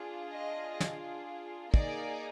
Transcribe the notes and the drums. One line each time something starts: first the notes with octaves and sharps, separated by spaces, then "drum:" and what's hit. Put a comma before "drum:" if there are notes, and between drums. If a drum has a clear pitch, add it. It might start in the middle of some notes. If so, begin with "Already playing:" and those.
Already playing: D4 F4 G#4
D#5
drum: snare
A#3 D#4 G#4 D5, drum: kick